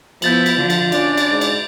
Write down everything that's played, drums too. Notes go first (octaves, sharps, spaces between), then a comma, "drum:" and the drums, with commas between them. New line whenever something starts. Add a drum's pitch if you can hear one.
F3 B3 E4 G6 A6 F#7, drum: cymbal
drum: cymbal
D3 F3 F4
drum: cymbal
C#4 D4 D5, drum: cymbal
drum: cymbal
G#2
drum: cymbal